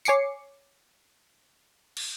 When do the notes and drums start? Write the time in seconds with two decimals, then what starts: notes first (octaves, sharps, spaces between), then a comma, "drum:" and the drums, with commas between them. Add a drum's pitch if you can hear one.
0.05 C#5 G#5 D6 C7 C#7, drum: tambourine
1.97 drum: cymbal